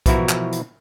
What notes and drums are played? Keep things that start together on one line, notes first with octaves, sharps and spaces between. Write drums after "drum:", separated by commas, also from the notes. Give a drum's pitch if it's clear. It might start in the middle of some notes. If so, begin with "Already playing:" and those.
B2 E3 F3 E4 F#4 A#4, drum: kick B1, hi-hat
drum: clap
drum: hi-hat